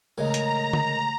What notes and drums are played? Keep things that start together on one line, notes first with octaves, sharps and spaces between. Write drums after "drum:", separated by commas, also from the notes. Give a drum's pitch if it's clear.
A1 C#3 G#3 A#4 D#5 A#5
drum: hi-hat
drum: tom